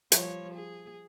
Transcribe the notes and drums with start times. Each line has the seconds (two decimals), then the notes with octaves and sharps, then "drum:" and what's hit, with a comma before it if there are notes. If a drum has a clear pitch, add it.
0.12 F3 G3 C#5, drum: hi-hat
0.54 G#4